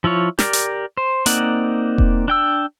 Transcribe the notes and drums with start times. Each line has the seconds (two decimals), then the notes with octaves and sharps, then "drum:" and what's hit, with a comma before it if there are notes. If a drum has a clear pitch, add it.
0.04 F3 E4 F4 C#5
0.39 G4 A#4 D5, drum: snare
0.53 drum: hi-hat
0.97 C5
1.26 A#3 C4 D#4 D5 F#5, drum: hi-hat
1.98 drum: kick E1
2.28 D4 G5 E6